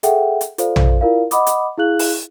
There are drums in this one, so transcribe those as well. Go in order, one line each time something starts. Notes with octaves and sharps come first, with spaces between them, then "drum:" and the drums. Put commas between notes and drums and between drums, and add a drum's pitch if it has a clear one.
G#4 A4 E5 F#5 G5, drum: hi-hat
drum: hi-hat
F4 A4 C5 D5 F5, drum: hi-hat
drum: tom A#1
E4 F4 A#4 D5 F5
D#5 F#5 B5 D6 D#6, drum: hi-hat
drum: hi-hat
E4 G#4 F5 F#6 F#7
drum: open hi-hat